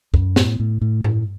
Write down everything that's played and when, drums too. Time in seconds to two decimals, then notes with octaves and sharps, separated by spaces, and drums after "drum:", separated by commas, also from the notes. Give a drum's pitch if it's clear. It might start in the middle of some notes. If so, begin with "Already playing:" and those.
0.14 F#2, drum: kick
0.36 A2, drum: snare
0.60 A2
0.81 A2
1.04 A2, drum: tom G2